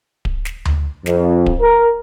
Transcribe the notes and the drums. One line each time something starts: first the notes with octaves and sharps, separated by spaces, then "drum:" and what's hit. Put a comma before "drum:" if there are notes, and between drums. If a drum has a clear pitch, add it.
drum: kick D1
drum: snare
drum: tom D2
F2, drum: snare
drum: kick D1
A#4